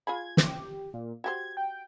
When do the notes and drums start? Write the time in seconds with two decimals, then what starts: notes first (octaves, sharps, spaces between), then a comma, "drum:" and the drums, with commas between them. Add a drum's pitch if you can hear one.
0.07 F4 G#4 B5 G#6
0.37 G4, drum: snare
0.94 A#2
1.24 F#4 G4 C5 G#6
1.57 G5